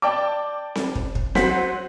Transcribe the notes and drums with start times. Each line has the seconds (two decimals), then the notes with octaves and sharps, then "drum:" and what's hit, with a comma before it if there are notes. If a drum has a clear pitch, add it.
0.02 D5 G5 A5 D6
0.75 drum: snare C4
0.95 drum: kick
1.15 drum: kick
1.35 F#3 C5 F#5 B6, drum: snare C4